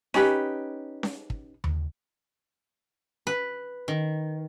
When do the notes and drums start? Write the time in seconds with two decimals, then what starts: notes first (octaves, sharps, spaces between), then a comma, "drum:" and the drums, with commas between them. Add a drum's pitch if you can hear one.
0.14 C#4 D#4 G4 B4, drum: snare C#4
1.03 drum: snare C#4
1.30 drum: kick
1.64 drum: tom D#2
3.27 B4
3.88 D#3